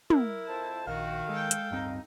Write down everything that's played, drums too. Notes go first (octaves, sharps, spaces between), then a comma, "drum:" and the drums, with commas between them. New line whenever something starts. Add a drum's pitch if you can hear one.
E4 A#4, drum: tom
F2 C5 A5
A#1 D#3 F#4 F5
G#3 A4 G5
drum: hi-hat
D1 G2 C4 D#4